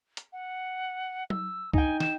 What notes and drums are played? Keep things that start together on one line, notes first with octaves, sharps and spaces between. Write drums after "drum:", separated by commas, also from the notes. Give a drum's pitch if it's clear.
drum: hi-hat
F#5
E6, drum: tom F#3
D#4 G5 G#5, drum: kick
E7, drum: snare